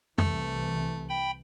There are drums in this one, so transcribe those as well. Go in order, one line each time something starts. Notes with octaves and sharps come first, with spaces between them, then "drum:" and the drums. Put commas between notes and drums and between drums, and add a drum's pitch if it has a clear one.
C2 E3 A3, drum: tom F2
G5 B5